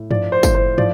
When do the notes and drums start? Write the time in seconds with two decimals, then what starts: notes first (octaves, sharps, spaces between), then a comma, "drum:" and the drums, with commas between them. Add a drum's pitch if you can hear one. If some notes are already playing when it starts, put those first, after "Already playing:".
Already playing: A2
0.11 F3 D5, drum: tom G2
0.32 C5
0.43 A2, drum: kick, tambourine
0.55 C5
0.78 F3 D5, drum: tom